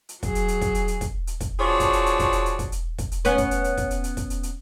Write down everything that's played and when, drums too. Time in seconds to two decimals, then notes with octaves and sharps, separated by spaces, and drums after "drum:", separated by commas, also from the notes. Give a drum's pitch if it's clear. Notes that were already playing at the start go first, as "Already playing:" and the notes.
0.09 drum: hi-hat
0.23 F#3 G#4, drum: kick, hi-hat
0.35 drum: hi-hat
0.48 drum: hi-hat
0.61 drum: kick, hi-hat
0.75 drum: hi-hat
0.88 drum: hi-hat
1.01 drum: kick, hi-hat
1.27 drum: hi-hat
1.40 drum: kick, hi-hat
1.60 F3 D4 F#4 G#4 C#5
1.80 drum: kick, hi-hat
1.93 drum: hi-hat
2.06 drum: hi-hat
2.19 drum: kick, hi-hat
2.33 drum: hi-hat
2.46 drum: hi-hat
2.59 drum: kick, hi-hat
2.72 drum: hi-hat
2.98 drum: kick, hi-hat
3.12 drum: hi-hat
3.25 B3 C#4 B4, drum: hi-hat
3.38 drum: kick, hi-hat
3.51 drum: hi-hat
3.64 drum: hi-hat
3.77 drum: kick, hi-hat
3.91 drum: hi-hat
4.04 drum: hi-hat
4.17 drum: kick, hi-hat
4.30 drum: hi-hat
4.43 drum: hi-hat